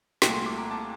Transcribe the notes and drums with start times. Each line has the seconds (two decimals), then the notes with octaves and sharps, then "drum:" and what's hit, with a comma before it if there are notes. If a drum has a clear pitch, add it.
0.22 C2 A#2 A3 G5, drum: snare
0.34 C6
0.46 D6
0.58 A#5
0.71 A5